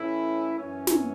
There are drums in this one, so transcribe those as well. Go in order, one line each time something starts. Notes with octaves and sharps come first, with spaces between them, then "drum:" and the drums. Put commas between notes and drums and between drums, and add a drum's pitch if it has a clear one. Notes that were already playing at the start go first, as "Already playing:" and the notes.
Already playing: A2 E3 A3 C#4 E4
F#2 E3 C#4
drum: snare